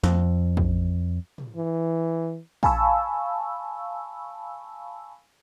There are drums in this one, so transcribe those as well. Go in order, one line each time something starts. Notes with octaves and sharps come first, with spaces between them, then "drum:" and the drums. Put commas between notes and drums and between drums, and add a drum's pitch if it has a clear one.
F2, drum: snare A#3
drum: kick
drum: tom
E3
F5 G#5 A5 B5 C#6 E6, drum: kick